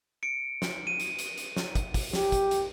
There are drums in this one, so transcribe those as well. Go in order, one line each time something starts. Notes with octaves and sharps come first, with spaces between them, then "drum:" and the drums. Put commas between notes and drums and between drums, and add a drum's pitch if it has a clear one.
C#7 D7
drum: snare
D#7
drum: hi-hat
drum: hi-hat
drum: hi-hat
drum: snare
drum: kick, hi-hat
drum: kick, open hi-hat
G4, drum: snare
drum: kick, hi-hat
drum: hi-hat